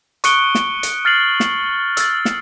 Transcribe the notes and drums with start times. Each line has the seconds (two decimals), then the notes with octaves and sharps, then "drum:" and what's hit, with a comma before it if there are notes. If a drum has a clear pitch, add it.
0.24 C#6 D#6 F#6 C#7 D7 G7, drum: hi-hat
0.55 drum: snare
0.83 drum: hi-hat
1.05 F6 A6 C7 F#7
1.40 drum: snare
1.97 E6 A6, drum: hi-hat
2.25 drum: snare